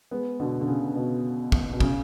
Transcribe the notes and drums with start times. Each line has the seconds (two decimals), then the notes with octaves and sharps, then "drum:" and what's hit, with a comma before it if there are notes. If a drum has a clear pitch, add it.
0.11 G#3 B3
0.40 B2 D3
0.61 D3
0.68 C#3
0.95 B2
1.52 drum: kick
1.72 B2
1.80 C#3, drum: kick